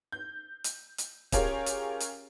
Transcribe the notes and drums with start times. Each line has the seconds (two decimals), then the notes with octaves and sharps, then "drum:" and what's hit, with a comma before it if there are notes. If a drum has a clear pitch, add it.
0.12 G6
0.64 drum: hi-hat
0.98 drum: hi-hat
1.32 C#4 F4 G4 G#4 A#4 C#5, drum: kick, hi-hat
1.66 drum: hi-hat
2.00 drum: hi-hat